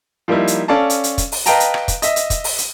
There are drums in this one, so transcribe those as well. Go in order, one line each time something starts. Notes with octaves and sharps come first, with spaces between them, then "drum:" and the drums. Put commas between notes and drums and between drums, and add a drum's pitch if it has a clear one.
F3 G3 A#3 D#4 E4
drum: hi-hat
C#4 A4 D5 F5 A5
drum: hi-hat
drum: hi-hat
drum: kick, hi-hat
drum: open hi-hat
B4 D#5 F5 G5 A5 A#5, drum: hi-hat
drum: hi-hat
drum: rim click
drum: kick, hi-hat
D#5 E5, drum: hi-hat
drum: hi-hat
drum: kick, hi-hat
drum: open hi-hat
drum: hi-hat